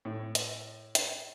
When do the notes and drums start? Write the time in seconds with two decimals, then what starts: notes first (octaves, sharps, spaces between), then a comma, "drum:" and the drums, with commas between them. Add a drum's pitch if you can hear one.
0.05 A2
0.35 drum: hi-hat
0.95 drum: hi-hat